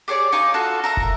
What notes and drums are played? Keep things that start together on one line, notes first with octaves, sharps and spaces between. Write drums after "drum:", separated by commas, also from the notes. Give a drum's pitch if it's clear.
G4 G#4 C#5 D5
D#4 F5 G#5 C#6
F4 F#4 A4
A#4 E5 A#5
drum: kick